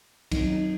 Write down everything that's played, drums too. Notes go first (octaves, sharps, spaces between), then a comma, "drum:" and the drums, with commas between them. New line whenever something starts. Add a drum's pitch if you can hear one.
D#3 F#3 C4 D#4, drum: kick, cymbal
D#4